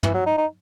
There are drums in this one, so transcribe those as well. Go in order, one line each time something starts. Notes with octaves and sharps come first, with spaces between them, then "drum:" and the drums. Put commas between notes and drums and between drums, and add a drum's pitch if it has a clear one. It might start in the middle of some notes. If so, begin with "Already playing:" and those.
E3, drum: tom
F#3
D#4
D#4